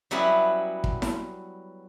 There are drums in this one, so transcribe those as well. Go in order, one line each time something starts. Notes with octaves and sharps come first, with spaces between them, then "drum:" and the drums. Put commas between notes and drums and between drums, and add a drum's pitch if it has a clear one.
F#3 G3 B3 C#4 E4 B4
drum: kick
drum: snare E4